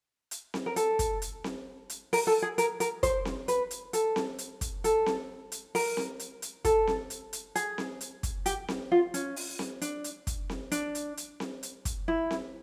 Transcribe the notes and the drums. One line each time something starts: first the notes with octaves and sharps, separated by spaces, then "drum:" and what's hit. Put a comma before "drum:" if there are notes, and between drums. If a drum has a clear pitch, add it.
drum: hi-hat
drum: snare C4
A#4
A4, drum: hi-hat
drum: kick, hi-hat
drum: hi-hat
drum: snare C4
drum: hi-hat
A#4, drum: open hi-hat
A4
G#4
A#4, drum: hi-hat
A#4, drum: hi-hat
C5, drum: kick, hi-hat
drum: snare C4
B4, drum: hi-hat
drum: hi-hat
A4, drum: hi-hat
drum: snare C4
drum: hi-hat
drum: kick, hi-hat
A4, drum: hi-hat
drum: snare C4
drum: hi-hat
A#4, drum: open hi-hat
drum: snare C4
drum: hi-hat
drum: hi-hat
A4, drum: kick, hi-hat
drum: snare C4
drum: hi-hat
drum: hi-hat
G#4, drum: hi-hat
drum: snare C4
drum: hi-hat
drum: kick, hi-hat
G4, drum: hi-hat
drum: snare C4
F4
C#4, drum: hi-hat
drum: open hi-hat
drum: snare C4
D4, drum: hi-hat
drum: hi-hat
drum: kick, hi-hat
drum: snare C4
D4, drum: hi-hat
drum: hi-hat
drum: hi-hat
drum: snare C4
drum: hi-hat
drum: kick, hi-hat
E4
drum: snare C4